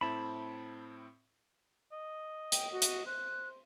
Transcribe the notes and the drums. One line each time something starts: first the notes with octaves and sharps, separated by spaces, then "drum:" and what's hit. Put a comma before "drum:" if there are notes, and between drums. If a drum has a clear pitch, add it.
A2 C4 E4 A5 B5
D#5
G5, drum: hi-hat
F#4
drum: hi-hat
C5 F#6